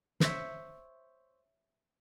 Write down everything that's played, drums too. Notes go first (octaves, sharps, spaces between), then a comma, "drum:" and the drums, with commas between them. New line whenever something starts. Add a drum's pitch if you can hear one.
C5 C#5 E5, drum: snare